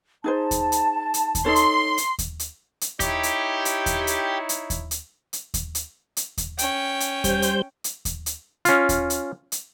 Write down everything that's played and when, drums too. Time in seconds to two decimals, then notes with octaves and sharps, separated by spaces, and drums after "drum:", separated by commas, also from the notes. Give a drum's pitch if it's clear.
0.24 D#4 G#4 C5 A5
0.51 drum: kick D#2, hi-hat
0.72 drum: hi-hat
1.14 drum: hi-hat
1.35 drum: kick D#2, hi-hat
1.45 D#4 A4 C#5 C6
1.56 drum: hi-hat
1.98 drum: hi-hat
2.19 drum: kick D#2, hi-hat
2.39 drum: hi-hat
2.81 drum: hi-hat
3.00 D#4 E4 G4 C#5, drum: kick D#2, hi-hat
3.23 drum: hi-hat
3.65 drum: hi-hat
3.86 drum: kick D#2, hi-hat
4.07 drum: hi-hat
4.49 drum: hi-hat
4.70 drum: kick D#2, hi-hat
4.91 drum: hi-hat
5.33 drum: hi-hat
5.54 drum: kick D#2, hi-hat
5.75 drum: hi-hat
6.17 drum: hi-hat
6.38 drum: kick D#2, hi-hat
6.58 C#4 G5, drum: hi-hat
7.00 drum: hi-hat
7.24 G3 C5 G6, drum: kick D#2, hi-hat
7.42 drum: hi-hat
7.84 drum: hi-hat
8.05 drum: kick D#2, hi-hat
8.26 drum: hi-hat
8.65 C#4 F4, drum: hi-hat
8.89 drum: kick D#2, hi-hat
9.10 drum: hi-hat
9.52 drum: hi-hat